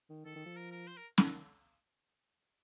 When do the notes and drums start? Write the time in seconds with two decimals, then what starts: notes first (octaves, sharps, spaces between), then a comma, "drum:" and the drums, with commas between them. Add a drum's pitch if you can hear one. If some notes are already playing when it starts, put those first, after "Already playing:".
0.10 D#3
0.25 D#3 A4
0.36 D#3
0.46 F3
0.56 A#4
0.72 A#4
0.87 C5
0.97 A#4
1.18 D#3, drum: snare